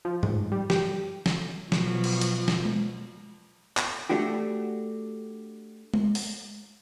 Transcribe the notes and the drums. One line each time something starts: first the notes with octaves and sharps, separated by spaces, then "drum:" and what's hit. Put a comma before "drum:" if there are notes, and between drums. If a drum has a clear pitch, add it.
F3
G#2, drum: tom G2
G3
G4, drum: snare
drum: snare
B2 F3 F#3, drum: snare
drum: cymbal
drum: hi-hat
drum: snare
drum: tom G#3
drum: clap
A3 D4 F#4 G4
drum: tom G#3
drum: open hi-hat